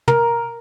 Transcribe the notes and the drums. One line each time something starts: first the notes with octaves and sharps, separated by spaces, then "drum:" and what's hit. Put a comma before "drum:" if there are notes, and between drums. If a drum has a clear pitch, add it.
A#4, drum: tom